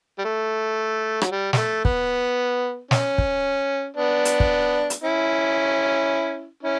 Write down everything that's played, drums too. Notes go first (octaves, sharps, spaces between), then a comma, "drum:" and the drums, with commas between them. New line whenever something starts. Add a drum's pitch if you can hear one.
G3
A3
F#3, drum: rim click
G3
G3, drum: snare
A3
B3, drum: kick
C#4, drum: snare
drum: kick
B3 D4
drum: hi-hat
drum: kick
drum: hi-hat
C#4 E4
C#4 E4